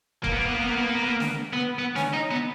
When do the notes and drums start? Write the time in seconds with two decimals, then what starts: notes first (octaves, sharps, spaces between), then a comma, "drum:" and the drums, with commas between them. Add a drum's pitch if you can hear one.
0.24 A#3, drum: kick F1
0.31 B3
0.37 A#3
0.46 B3
0.52 A#3
0.59 B3
0.67 A#3
0.74 B3
0.80 A#3
0.87 B3
0.95 A#3
1.03 B3
1.09 A#3
1.20 drum: snare
1.53 B3
1.79 B3
1.96 C#4, drum: snare
2.14 D#4
2.31 B3